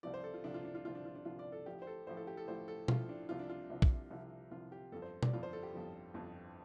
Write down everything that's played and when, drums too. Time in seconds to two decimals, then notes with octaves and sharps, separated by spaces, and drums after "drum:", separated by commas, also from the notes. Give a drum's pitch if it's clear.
0.03 C2 C3 F3 D5
0.14 C5
0.24 A4
0.34 F4
0.44 C2 C3 F3 D4
0.54 F4
0.65 D4
0.75 F4
0.85 C2 C3 F3 F4
0.95 D4
1.05 F4
1.15 D4
1.25 C2 C3 F3 F4
1.39 D5
1.52 A4
1.66 A1 A2 F3 G4
1.82 C5
1.87 A4
2.07 A1 A2 F3 C5
2.17 A4
2.27 G4
2.37 A4
2.48 A1 A2 F3 C5
2.68 A4
2.88 A1 A2 F3 F4, drum: tom
3.09 D4
3.29 C2 C3 F3 F4
3.39 D4
3.50 F4
3.70 C2 C3 F3
3.82 drum: kick
4.11 C2 C3 F3
4.51 C2 C3 F3 F4
4.72 G4
4.92 G1 F2 F3 A4
5.02 C5
5.23 D5, drum: tom
5.33 G1 F2 F3 F4
5.43 C5
5.53 A4
5.63 G4
5.74 G1 F2 F3
6.14 G1 F2 F3